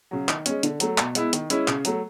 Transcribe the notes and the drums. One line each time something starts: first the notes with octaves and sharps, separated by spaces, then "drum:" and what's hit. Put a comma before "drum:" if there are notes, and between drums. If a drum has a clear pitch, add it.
C#3 F#3
D#3, drum: clap
G#3 C#4, drum: hi-hat
D3, drum: hi-hat
F#3 A3, drum: hi-hat
B2, drum: clap
G#3 B3 E4, drum: hi-hat
D#3, drum: hi-hat
G#3 C#4 E4, drum: hi-hat
C#3, drum: clap
F#3 A3, drum: hi-hat